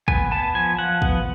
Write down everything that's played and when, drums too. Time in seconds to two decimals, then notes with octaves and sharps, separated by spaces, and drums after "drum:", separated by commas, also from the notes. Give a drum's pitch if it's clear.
0.08 B3 G#5, drum: kick
0.31 B3 A5
0.55 F3 G#5
0.78 F3 F#5
1.02 B3, drum: kick